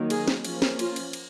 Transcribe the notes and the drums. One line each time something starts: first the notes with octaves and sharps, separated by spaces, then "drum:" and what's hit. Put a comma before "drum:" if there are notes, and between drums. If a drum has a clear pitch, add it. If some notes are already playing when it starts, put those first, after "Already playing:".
Already playing: D#3 F#3 A#3
G#4, drum: cymbal
drum: snare
F3 A#3 C#4, drum: cymbal
drum: snare
F4, drum: cymbal
drum: cymbal
drum: cymbal